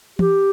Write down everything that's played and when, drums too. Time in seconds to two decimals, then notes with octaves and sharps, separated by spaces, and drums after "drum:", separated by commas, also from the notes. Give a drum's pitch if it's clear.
0.19 G4, drum: tom E3